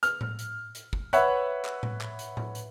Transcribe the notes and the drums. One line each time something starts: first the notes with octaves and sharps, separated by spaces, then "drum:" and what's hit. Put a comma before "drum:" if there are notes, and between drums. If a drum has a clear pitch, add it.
F6, drum: hi-hat
drum: tom A2
drum: hi-hat
drum: hi-hat
drum: kick
B4 C#5 E5 F#5, drum: hi-hat
drum: clap
drum: tom A2
drum: clap
drum: hi-hat
drum: tom A2
drum: hi-hat